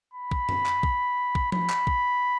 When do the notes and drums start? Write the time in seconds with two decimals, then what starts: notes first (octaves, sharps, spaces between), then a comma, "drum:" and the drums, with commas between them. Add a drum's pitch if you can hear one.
0.14 B5
0.31 drum: kick
0.49 drum: tom F#2
0.66 drum: clap
0.83 drum: kick
1.35 drum: kick
1.52 B5, drum: tom F3
1.70 drum: clap
1.87 drum: kick